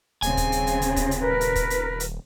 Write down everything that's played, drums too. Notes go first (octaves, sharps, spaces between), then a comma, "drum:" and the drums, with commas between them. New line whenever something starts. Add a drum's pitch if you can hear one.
D#1 C#3 C4 G#5, drum: hi-hat
drum: kick, hi-hat
drum: hi-hat
drum: hi-hat
drum: hi-hat
drum: kick, hi-hat
drum: hi-hat
A#4 B4
drum: hi-hat
drum: kick, hi-hat
drum: hi-hat
drum: hi-hat